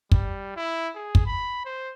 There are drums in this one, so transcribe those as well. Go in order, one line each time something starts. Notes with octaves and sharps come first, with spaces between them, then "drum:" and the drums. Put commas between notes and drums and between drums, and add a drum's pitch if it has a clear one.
G3, drum: kick
E4
G#4
drum: kick
B5
C5